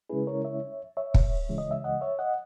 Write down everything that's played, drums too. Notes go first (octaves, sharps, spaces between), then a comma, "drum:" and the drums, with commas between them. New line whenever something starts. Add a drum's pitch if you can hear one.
C#3 G#3 C#4 E4 G#4 B4
A#4 C#5
C#5 E5
C#5 E5
drum: kick
C#2 C#3 E3 G#3
D#5
E5
D#5 F#5
C#5 E5
D#5 F#5